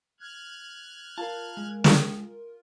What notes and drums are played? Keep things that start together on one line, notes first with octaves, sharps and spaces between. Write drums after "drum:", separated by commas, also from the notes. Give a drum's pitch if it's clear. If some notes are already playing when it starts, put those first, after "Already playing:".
F6 F#6 G#6
F4 A#4 F5 A5
G#3
drum: snare